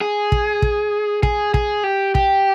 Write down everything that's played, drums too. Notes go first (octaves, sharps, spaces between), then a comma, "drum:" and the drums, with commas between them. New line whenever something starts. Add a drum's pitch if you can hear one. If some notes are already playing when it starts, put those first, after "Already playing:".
G#4
drum: kick
drum: kick
G#4, drum: kick
G#4, drum: kick
G4
G4, drum: kick